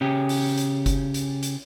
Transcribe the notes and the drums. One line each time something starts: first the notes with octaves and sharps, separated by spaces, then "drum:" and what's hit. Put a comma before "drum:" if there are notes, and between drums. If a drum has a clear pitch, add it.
C#3 C#4 G4
drum: open hi-hat
drum: hi-hat
drum: kick F#1, hi-hat
drum: hi-hat
drum: hi-hat